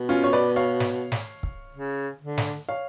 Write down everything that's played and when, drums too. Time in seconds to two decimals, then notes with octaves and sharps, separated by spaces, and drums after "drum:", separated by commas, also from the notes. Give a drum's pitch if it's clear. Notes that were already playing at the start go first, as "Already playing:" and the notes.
Already playing: B2
0.09 C#4 F4
0.24 C#5
0.33 B4 D5
0.56 C#5 F5
0.80 drum: snare
1.12 drum: snare
1.43 drum: kick
1.75 C#3
2.21 D3
2.38 drum: snare
2.69 C#5 F5